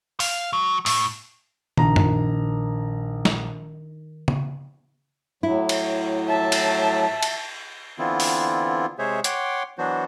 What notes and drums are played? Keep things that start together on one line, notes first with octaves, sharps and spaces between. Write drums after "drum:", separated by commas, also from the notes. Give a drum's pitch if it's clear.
F5, drum: open hi-hat
F#3
A2, drum: open hi-hat
A#1 D#3 A#5, drum: tom
drum: tom F#2
drum: snare
drum: tom
A2 F#3 E4
drum: cymbal
E5 A5
drum: cymbal
drum: cymbal
D3 E3 B3 C4 E4 F4
drum: open hi-hat
C3 G#3 G#4 C5 C#5 E5
C#5 F#5 G5 C6 D6, drum: hi-hat
E3 F#3 B3 D4 F#4 C5